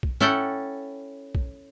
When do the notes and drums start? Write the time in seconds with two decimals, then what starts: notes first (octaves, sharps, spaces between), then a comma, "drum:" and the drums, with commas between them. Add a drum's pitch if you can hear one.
0.03 drum: kick B1
0.20 C#4 E4 A4 F#5 G5, drum: tom G#2
1.35 drum: kick B1